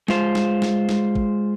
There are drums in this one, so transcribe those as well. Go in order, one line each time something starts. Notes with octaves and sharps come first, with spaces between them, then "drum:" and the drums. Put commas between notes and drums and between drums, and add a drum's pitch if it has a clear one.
G#3 F4 C5, drum: snare
drum: snare
drum: snare
drum: snare
drum: kick